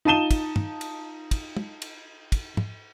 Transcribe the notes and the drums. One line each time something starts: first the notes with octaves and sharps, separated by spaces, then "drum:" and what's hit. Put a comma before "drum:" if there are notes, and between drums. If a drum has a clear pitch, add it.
D#4 F4 A5 D#7 E7 G7
drum: kick, cymbal
drum: tom
drum: cymbal
drum: kick, cymbal
drum: tom
drum: cymbal
drum: kick, cymbal
drum: tom